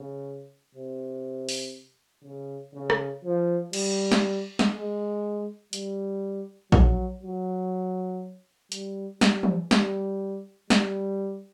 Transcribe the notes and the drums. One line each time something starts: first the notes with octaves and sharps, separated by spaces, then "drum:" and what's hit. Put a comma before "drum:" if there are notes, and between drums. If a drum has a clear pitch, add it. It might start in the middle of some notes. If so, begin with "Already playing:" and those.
Already playing: C#3
C3
drum: open hi-hat
C#3
C#3
drum: rim click
F3
G3, drum: cymbal
drum: snare
drum: snare
G#3
G3, drum: hi-hat
F#3, drum: kick A#1
F#3
G3, drum: hi-hat
G3, drum: snare
drum: tom E3
G3, drum: snare
G3, drum: snare